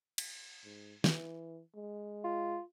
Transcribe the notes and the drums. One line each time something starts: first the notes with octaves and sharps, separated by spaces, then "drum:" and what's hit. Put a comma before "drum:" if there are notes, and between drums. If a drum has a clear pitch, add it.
drum: cymbal
G#2
E3, drum: snare
G#3
F4